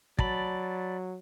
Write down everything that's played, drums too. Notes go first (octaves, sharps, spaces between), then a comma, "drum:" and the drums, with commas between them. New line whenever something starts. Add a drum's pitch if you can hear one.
F#3 D5 A5 B5, drum: kick